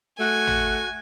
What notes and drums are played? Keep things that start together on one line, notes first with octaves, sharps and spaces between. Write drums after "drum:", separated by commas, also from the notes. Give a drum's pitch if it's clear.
A3 F#4 G#5
drum: tom